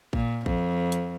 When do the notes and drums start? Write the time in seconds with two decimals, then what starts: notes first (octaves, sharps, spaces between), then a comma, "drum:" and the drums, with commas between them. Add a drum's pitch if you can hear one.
0.13 A#2, drum: kick A1
0.46 F2, drum: kick A1
0.92 drum: hi-hat